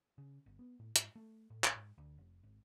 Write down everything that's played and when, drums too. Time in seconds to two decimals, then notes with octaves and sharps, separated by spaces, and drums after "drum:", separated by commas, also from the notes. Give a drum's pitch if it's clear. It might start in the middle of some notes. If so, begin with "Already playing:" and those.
0.18 C#3
0.46 G1
0.59 B3
0.80 A2
0.96 G#2, drum: hi-hat
1.15 A3
1.50 A2
1.64 A1, drum: clap
1.76 G#2
1.98 D2
2.18 F1
2.44 G#1